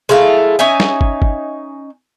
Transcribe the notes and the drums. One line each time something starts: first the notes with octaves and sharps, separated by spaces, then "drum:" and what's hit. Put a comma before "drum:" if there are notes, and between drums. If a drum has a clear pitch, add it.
G#3 A3 E4 F5
C#4 D#4 E5 G#5
drum: snare
drum: kick
drum: kick